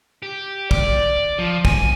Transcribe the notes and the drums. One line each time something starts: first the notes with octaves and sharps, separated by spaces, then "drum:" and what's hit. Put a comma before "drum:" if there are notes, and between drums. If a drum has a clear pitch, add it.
G4
D5, drum: kick
F3
G#5, drum: kick